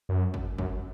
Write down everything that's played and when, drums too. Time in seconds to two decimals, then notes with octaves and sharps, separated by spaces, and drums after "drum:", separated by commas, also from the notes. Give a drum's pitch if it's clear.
0.09 F#2
0.34 drum: kick
0.58 F#2, drum: kick